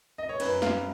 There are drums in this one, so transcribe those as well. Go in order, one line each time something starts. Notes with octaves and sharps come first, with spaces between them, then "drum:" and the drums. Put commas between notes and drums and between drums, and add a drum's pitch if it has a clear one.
D#5
C#5
F#2 B4, drum: cymbal
F5, drum: snare